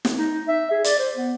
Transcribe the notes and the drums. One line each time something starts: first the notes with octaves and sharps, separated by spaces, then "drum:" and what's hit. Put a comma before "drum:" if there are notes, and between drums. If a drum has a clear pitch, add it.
drum: snare
D#4
E5
G#4
D5, drum: hi-hat
C5
B3